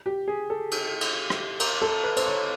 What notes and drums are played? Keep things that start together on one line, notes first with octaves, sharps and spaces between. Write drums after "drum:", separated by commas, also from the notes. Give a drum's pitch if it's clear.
G4
G#4
A4
drum: cymbal
drum: cymbal
drum: rim click
A#4, drum: cymbal
A4
B4
C5, drum: cymbal
C#5